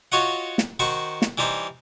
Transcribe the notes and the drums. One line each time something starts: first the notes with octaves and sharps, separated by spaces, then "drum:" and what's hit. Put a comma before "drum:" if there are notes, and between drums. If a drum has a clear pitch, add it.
F4 F#4 C#5 D#5 F#5
drum: snare
D#3 F#4 C5 C#6
drum: snare
E3 G3 D#4 C5